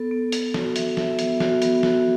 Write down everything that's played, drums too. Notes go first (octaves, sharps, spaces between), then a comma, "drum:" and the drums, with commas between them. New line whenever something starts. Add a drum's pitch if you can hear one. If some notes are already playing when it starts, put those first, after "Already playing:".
Already playing: B3 A4
B3
A4, drum: hi-hat
F#4, drum: snare
E5, drum: hi-hat
E5, drum: snare
B3, drum: hi-hat
F#4, drum: snare
B3, drum: hi-hat
F#4, drum: snare